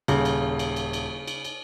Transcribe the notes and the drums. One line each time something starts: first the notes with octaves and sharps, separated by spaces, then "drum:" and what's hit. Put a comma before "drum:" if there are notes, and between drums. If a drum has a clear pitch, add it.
D#1 C#3, drum: cymbal
drum: cymbal
drum: cymbal
drum: cymbal
drum: cymbal
drum: cymbal
drum: cymbal